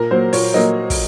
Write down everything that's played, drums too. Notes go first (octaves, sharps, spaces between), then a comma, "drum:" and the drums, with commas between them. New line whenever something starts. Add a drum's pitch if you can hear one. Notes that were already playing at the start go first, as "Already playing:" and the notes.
Already playing: A#2 A#4
F#3 A#3 C5
A#2 C#5, drum: open hi-hat
F#3 A#3 D#5
drum: kick, open hi-hat